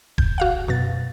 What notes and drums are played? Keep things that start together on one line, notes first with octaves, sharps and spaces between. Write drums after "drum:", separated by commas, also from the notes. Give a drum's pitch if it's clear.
G6, drum: kick E1
F#4 F5 F#5
F#2 B2 A6